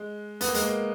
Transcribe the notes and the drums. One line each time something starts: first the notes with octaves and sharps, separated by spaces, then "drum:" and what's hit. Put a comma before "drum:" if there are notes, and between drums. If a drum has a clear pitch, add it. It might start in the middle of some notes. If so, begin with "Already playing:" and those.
Already playing: G#3
B3, drum: hi-hat
A#3
G#3, drum: hi-hat
A#3